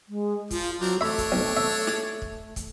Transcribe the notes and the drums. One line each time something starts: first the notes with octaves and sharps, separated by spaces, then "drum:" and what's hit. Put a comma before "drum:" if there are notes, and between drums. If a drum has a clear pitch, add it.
G#3
F3 F4, drum: kick, hi-hat
F#3 C4 D4 A#4
A3 D4 C#5 E5 B5
drum: kick, hi-hat
B1
E5
drum: snare
drum: kick
drum: kick, hi-hat